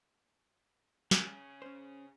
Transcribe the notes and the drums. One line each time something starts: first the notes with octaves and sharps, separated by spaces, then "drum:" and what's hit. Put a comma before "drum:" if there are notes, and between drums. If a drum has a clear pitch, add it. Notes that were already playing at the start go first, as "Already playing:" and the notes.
C#3 G#4, drum: snare
C#4 C5